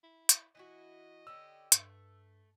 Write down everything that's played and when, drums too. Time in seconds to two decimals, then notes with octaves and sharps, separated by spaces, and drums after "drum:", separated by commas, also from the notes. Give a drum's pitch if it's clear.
0.03 E4
0.29 drum: hi-hat
0.55 E3 E4 F#4 D#5
1.27 D3 C#4 G4 E6
1.72 G2 A3, drum: hi-hat